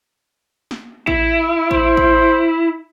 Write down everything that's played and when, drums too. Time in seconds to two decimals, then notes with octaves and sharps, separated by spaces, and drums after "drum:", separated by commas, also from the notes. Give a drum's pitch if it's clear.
0.71 drum: snare
1.07 E4, drum: kick A1
1.71 C5, drum: kick A1
1.97 drum: kick A1